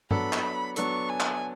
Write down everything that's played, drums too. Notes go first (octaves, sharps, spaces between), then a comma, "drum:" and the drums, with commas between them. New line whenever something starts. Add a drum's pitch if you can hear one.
F#3 B3 D4 A4 B5, drum: tom G2
drum: clap
F#3 B3 D4 A4 C#6, drum: hi-hat
G#5
drum: clap